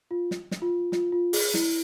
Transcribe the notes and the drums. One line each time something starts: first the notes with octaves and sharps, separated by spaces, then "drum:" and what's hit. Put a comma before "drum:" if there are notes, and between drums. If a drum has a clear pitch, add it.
F4
drum: snare
drum: snare
F4
F4, drum: snare
F4
G#4, drum: open hi-hat
E4, drum: snare